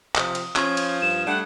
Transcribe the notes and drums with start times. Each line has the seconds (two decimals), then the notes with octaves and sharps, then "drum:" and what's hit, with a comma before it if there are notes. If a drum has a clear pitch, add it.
0.16 C3 F3 D#6, drum: clap
0.35 drum: cymbal
0.56 F3 C#4 F4 G#6, drum: clap
0.77 drum: cymbal
1.02 G2 E7
1.27 G3 A3 D4 F#5